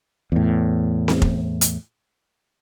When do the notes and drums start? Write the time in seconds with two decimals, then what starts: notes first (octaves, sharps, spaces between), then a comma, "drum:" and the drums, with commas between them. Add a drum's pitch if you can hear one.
0.32 E2 A2
1.08 drum: snare C4
1.22 drum: kick F1
1.61 drum: hi-hat